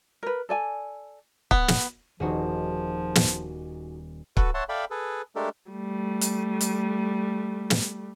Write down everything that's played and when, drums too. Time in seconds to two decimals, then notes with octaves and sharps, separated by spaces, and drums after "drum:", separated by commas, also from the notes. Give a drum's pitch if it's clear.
0.23 A#4 B4
0.49 A4 D5 G#5
1.51 B3, drum: kick C#1
1.68 drum: snare
2.20 D#1 F3 D#4 F#4 G#4
3.15 drum: snare
4.37 F#4 A4 B4, drum: kick C#1
4.54 C#5 E5 F#5 A5 C6
4.69 A4 D5 E5 F5 G5 B5
4.91 G#4 A4 B4
5.36 G#3 A3 D4 G4 A4 A#4
5.71 G3 A3
6.21 drum: hi-hat
6.61 drum: hi-hat
7.70 drum: snare